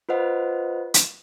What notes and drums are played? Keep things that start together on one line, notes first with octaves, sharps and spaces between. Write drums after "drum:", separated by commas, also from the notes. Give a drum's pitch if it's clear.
F4 B4 C5 D#5 F#5
drum: hi-hat